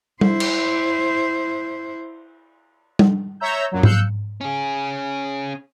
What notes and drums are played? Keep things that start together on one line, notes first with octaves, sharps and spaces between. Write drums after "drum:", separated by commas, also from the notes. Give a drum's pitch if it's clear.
E4 C5, drum: tom G3
drum: cymbal
drum: tom G3
C#5 E5 A#5 E6 G6
F#2 A#2 F#3
F5 E6 F#6 G6 C#7, drum: tom G#2
C#4 G#4